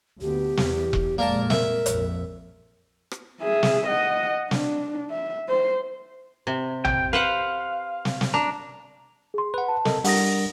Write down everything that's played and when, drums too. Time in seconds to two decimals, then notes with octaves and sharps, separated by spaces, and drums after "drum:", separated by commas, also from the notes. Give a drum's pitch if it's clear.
0.21 D2 B3 G4
0.57 E2, drum: snare
0.93 drum: kick E1
1.18 F2 A#2 G#3 A#3 A#4 D5 A5
1.50 A#4 E5, drum: snare
1.86 A#1 F2, drum: hi-hat
3.11 drum: rim click
3.42 G#4 E5
3.63 drum: snare
3.87 D#5 F#5
4.51 D4, drum: snare
5.10 E5
5.49 C5
6.47 C3
6.85 G5, drum: tom
7.13 B4 C5 F5 F#5
8.05 drum: snare
8.21 drum: snare
8.34 D4 A#5
9.34 G#4 C6
9.54 B4 F#5
9.68 A5
9.85 A4 A#4 D#5, drum: snare
10.04 G3 D4 A#4 F#5 D#6 A#6, drum: open hi-hat